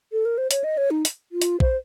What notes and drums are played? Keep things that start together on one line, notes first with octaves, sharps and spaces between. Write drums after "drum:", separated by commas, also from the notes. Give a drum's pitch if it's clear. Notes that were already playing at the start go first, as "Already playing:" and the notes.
A4
A#4
C5
C#5, drum: hi-hat
D#5
C#5
D#4
drum: hi-hat
F4
drum: hi-hat
C5, drum: kick